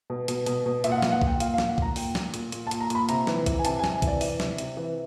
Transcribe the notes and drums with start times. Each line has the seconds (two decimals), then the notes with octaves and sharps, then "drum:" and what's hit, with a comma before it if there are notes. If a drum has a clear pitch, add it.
0.10 B2
0.28 B2, drum: hi-hat
0.46 B2, drum: hi-hat
0.66 B2
0.84 A#2 E5, drum: hi-hat
0.92 F#5
0.98 F5
1.02 A#2, drum: snare
1.12 F#5
1.22 A#2 G5, drum: kick
1.40 A#2 F5, drum: hi-hat
1.54 F5
1.58 A#2, drum: snare
1.69 F#5
1.78 A#2 A#5, drum: kick
1.96 A#2 G5, drum: open hi-hat
2.15 A#2, drum: snare
2.34 A#2, drum: hi-hat
2.52 A#2, drum: hi-hat
2.67 A5
2.71 A#2, drum: hi-hat
2.80 A#5
2.90 A#2 B5, drum: hi-hat
3.09 C3 A#5, drum: hi-hat
3.27 E3, drum: snare
3.46 E3, drum: kick, hi-hat
3.58 G#5
3.65 C3 A5, drum: hi-hat
3.79 G#5
3.84 C3, drum: snare
3.93 G#5
4.02 E3 D5, drum: kick, hi-hat
4.21 E3, drum: open hi-hat
4.40 C3, drum: snare
4.58 C3, drum: hi-hat
4.77 E3